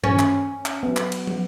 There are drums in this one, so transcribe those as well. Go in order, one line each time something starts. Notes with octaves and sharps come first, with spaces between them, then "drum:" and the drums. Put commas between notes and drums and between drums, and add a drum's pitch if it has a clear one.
C#4, drum: tom G2
drum: clap
drum: clap
F#3 B3
drum: clap
drum: cymbal
drum: tom